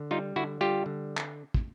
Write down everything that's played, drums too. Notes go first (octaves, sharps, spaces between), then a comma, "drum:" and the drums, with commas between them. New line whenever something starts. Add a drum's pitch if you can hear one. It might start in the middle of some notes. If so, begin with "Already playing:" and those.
Already playing: D3
G3 D#4 F4
D3 E4 F#4
G3 F4 G4
D3
drum: clap
drum: kick